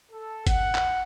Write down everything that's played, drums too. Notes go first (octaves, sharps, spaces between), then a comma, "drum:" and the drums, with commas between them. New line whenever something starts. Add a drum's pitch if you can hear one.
A4
F#5, drum: kick, hi-hat
drum: clap